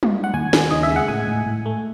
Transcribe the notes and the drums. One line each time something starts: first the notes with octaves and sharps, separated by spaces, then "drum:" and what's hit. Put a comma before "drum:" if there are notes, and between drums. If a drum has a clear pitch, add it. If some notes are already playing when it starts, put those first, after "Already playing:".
drum: tom
F#5
D#2 G#5
D#2, drum: snare
C#3 D#5
E5
G#3
F#5
A2 G#5
A2
A2
A3